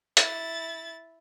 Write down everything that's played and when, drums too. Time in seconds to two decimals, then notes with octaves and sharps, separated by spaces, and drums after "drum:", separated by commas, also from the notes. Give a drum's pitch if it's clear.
0.17 E4 A6, drum: hi-hat